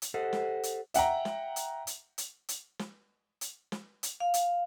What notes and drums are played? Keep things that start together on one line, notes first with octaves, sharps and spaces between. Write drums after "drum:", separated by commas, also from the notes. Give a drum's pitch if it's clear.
drum: hi-hat
G4 A4 C5 D#5 F#5
drum: snare
drum: hi-hat
E5 F#5 G5 A#5, drum: hi-hat
drum: snare
drum: hi-hat
drum: hi-hat
drum: hi-hat
drum: hi-hat
drum: snare
drum: hi-hat
drum: snare
drum: hi-hat
F5
drum: hi-hat